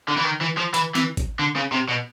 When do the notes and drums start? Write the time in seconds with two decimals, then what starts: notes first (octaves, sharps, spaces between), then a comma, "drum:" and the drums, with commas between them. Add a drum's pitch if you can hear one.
0.08 D3
0.17 E3
0.25 D#3
0.41 E3
0.57 F3
0.74 E3, drum: hi-hat
0.95 E3, drum: snare
1.17 drum: kick G#1, hi-hat
1.39 D3
1.56 C#3
1.72 C3
1.88 B2